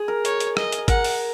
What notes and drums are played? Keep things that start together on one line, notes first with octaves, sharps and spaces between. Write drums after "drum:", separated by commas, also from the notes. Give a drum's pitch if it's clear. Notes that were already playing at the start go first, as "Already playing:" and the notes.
Already playing: G#4
A#4
C#5, drum: hi-hat
drum: hi-hat
D#5, drum: rim click
drum: hi-hat
A#4 F#5, drum: kick G#1, hi-hat
drum: open hi-hat